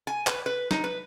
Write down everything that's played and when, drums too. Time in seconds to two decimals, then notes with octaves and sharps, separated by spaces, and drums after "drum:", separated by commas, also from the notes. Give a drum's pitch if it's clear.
0.07 G#5
0.27 B4, drum: clap
0.46 B4
0.71 D#4, drum: snare
0.84 B4